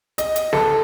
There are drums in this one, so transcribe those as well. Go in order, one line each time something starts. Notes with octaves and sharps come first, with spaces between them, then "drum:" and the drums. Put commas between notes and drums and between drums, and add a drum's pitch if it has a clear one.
D#5, drum: hi-hat
drum: hi-hat
A4, drum: snare